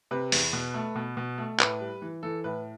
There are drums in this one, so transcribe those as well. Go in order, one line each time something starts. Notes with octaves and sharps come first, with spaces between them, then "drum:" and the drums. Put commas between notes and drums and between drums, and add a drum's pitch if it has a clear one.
C3 B4
E2, drum: open hi-hat
B2
A3
B2
B2
A3
A2 B4, drum: clap
G3
E3
E3 A4
A2 B4